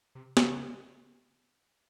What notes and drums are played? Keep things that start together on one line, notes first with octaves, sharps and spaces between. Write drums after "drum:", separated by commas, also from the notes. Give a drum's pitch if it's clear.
C3
C#3, drum: snare